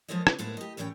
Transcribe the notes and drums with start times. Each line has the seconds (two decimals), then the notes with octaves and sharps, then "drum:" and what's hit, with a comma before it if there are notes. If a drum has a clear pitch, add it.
0.08 F3 G#3 F4 A4 C#5 D#5
0.27 C#3, drum: rim click
0.39 D#2 A2 G#3 B3 A4 C5
0.57 G4 D#5
0.77 E2 A2 E3 C#4 C#5 G5